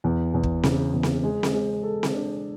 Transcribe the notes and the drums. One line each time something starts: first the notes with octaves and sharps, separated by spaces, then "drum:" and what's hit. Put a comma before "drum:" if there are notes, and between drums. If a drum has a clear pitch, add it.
E2
E2
drum: kick
C#3, drum: snare C4
E2
drum: snare C4
G#3
drum: snare C4
G#3
A4
drum: snare C4
D4